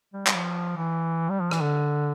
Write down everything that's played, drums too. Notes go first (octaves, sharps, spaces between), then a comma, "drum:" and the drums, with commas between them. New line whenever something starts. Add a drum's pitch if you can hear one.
G3
G3, drum: clap
F3
E3
G3
F3
E3, drum: rim click
D3